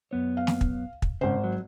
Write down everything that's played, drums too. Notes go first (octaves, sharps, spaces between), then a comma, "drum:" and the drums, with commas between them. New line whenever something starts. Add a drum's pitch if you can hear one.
F#2 B3 C#5
F5
drum: snare
drum: kick
drum: kick
G#1 C#3 C5
F#3